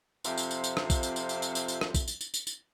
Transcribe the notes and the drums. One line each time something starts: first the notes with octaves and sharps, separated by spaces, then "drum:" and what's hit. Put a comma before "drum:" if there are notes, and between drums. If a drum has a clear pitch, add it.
F2 C3 C4 F4 E5, drum: tambourine
drum: tambourine
drum: tambourine
drum: tambourine
drum: rim click
drum: kick A#1, tambourine
drum: tambourine
drum: tambourine
drum: tambourine
drum: tambourine
drum: tambourine
drum: tambourine
drum: rim click
drum: kick A#1, tambourine
drum: tambourine
drum: tambourine
drum: tambourine
drum: tambourine